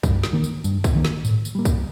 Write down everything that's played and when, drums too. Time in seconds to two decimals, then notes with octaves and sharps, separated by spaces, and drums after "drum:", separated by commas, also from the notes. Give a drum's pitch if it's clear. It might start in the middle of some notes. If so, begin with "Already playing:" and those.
0.03 G2, drum: kick, tambourine
0.24 drum: snare
0.33 D#3 A#3
0.44 drum: tambourine
0.64 G2, drum: tambourine
0.84 drum: kick, tambourine
0.95 D#3 A#3
1.05 drum: snare
1.25 A2, drum: tambourine
1.45 drum: tambourine
1.55 G3 A#3
1.65 drum: kick, tambourine